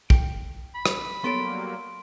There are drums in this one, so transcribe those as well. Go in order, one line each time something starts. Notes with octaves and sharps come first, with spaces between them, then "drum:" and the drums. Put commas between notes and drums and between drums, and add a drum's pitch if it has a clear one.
G5, drum: kick
B5
drum: rim click
F#3 G3 A#3 B3 A4 C#5 C6 D7